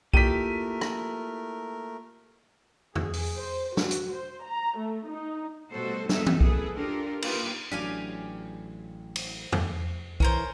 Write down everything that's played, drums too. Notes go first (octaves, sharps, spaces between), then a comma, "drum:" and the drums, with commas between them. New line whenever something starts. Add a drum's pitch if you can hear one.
A3 A#3 E4 F4 G4 A#4 B6 D#7, drum: kick B1
drum: rim click
G#4, drum: tom E2
drum: open hi-hat
C5
F#4, drum: snare
drum: hi-hat
C5
A#5
A3
D#4
B2 G3 A3 F#4 A4 C5
G3 A#3 B3 D#4 A4 E5, drum: snare
drum: tom E3
E4 G#4 A4 B4, drum: kick B1
D4 F4 G4 A4 A#4
A#3 D#4 F4 G4 A#4 B4, drum: cymbal
A1 F#3 D4 G4 F5 G#5
drum: cymbal
drum: tom E2
E3 C#4 A#4 C5, drum: kick B1